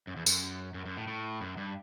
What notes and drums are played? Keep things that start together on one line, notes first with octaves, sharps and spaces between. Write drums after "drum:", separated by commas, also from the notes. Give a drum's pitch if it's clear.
F#2
E2
F#2, drum: tambourine
F#2
F#2
A2
A2
F#2
G2